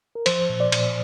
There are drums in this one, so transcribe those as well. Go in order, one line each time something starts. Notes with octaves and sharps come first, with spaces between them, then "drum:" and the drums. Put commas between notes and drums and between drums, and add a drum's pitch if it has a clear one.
A#4
F3 C5, drum: cymbal
A#2
D5
A#2, drum: cymbal